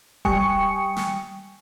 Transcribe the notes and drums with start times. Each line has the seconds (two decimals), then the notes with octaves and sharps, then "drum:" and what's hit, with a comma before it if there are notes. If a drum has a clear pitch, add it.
0.25 G3 G5 G#5 C#6 D#6 C#7, drum: kick D#1
0.96 drum: snare